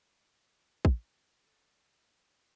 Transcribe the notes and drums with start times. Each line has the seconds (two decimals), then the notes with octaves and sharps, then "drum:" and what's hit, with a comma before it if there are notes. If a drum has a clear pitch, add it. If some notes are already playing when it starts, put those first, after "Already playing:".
0.23 F#5
0.85 drum: kick
1.44 A4